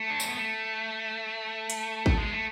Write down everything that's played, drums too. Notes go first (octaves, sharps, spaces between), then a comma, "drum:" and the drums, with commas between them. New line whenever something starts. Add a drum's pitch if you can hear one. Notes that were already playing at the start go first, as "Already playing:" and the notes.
Already playing: A3
D4
C#4, drum: tambourine
B3
A3
drum: hi-hat
drum: kick
G#3
A3